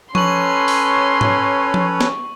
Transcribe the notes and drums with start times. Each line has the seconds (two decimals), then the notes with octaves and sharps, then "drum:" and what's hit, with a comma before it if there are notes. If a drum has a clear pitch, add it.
0.15 C#4 A4 B4 C#5 C6 C#6 F#7, drum: tom F3
0.68 drum: open hi-hat
1.21 drum: tom
1.74 drum: tom F3
2.01 drum: snare